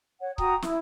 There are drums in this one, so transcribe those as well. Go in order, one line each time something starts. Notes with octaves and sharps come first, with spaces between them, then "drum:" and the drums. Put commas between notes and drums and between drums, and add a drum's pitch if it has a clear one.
C#5 F#5
F#4 G5 A#5 D#6, drum: kick C#1
E4, drum: snare